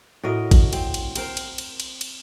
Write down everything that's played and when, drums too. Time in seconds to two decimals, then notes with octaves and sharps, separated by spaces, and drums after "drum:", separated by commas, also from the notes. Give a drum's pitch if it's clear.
0.23 A2 F#4 A#4 D#5
0.51 drum: kick, cymbal
0.73 C4, drum: cymbal
0.94 drum: cymbal
1.16 C4 A#4 C5, drum: cymbal
1.37 drum: cymbal
1.58 drum: cymbal
1.80 drum: cymbal
2.01 drum: cymbal